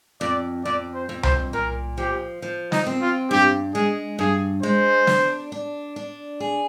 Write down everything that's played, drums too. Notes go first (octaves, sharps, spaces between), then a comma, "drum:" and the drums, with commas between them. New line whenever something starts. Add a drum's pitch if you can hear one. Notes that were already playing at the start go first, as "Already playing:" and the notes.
F2 D5
F2 D5
C5
F2
C5, drum: tom C2
A#2 A#4
F3 G4
F3
D#4, drum: snare
C4
F4
G2 G4
G#3 G#4
G2 G#4
G#3 C5
D4, drum: snare
D4
D4
G#4